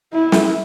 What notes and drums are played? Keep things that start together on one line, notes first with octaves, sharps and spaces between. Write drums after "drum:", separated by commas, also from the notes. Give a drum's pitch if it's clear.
E4
drum: snare